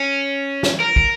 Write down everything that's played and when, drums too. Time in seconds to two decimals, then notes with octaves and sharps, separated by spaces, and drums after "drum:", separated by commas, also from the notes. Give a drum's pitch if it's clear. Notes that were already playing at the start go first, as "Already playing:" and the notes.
Already playing: C#4
0.63 drum: snare
0.80 A#4
0.96 drum: kick